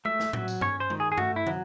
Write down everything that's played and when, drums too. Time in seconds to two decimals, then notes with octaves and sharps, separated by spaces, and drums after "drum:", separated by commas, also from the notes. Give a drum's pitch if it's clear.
0.05 A3 E5, drum: tom G#3
0.20 drum: snare
0.33 F#3, drum: tom A2
0.48 drum: tambourine
0.61 C#4 C#5, drum: tom G2
0.80 C5
0.90 D#3, drum: tom G#3
1.00 G#4
1.12 G#4
1.18 A3 F#4, drum: tom G2
1.36 E4
1.47 F#3, drum: tom